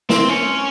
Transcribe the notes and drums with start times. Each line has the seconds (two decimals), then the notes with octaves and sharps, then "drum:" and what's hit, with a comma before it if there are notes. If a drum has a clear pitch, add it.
0.09 C4, drum: snare
0.28 C#4